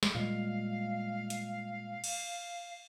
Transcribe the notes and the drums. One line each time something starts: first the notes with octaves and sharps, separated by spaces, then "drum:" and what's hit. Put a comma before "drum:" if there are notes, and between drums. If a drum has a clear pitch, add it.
drum: snare
A#2 G3 G#3 F5
drum: hi-hat
drum: cymbal